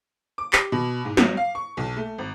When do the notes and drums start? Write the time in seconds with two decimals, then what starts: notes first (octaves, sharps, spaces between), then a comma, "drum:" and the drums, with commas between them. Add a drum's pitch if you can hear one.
0.38 D6
0.53 G4, drum: clap
0.72 B2
1.05 G#2
1.17 F#3, drum: snare
1.37 F5
1.55 C#6
1.77 B1
1.97 A3
2.18 G#1